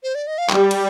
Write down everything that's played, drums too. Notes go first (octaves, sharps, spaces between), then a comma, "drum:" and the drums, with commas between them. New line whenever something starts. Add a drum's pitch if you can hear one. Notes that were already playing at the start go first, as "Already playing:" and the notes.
C5
D5
D#5
F5
G3 G5, drum: clap
drum: cymbal